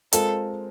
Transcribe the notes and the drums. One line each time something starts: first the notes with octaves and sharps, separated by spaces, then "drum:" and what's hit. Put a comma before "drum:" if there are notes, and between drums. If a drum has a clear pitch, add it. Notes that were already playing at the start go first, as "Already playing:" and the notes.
G#3 C4 F4 A4 A#4, drum: hi-hat